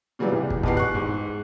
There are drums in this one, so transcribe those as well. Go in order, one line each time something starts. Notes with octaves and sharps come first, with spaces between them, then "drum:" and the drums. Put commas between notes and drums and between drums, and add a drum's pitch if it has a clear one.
A#2 C#3 E3 F#3 G3 B3
C2
drum: kick
D#1 E2 B3 G4 C7, drum: kick
C#6 F#6
G#2